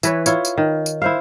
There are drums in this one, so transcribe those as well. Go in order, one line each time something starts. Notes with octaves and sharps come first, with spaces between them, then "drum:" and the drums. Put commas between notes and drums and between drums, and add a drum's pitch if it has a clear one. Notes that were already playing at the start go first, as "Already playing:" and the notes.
E3 B4 C#5, drum: tambourine
E4 F4 C#5, drum: tambourine
drum: tambourine
D#3
drum: tambourine
E4 C5 F5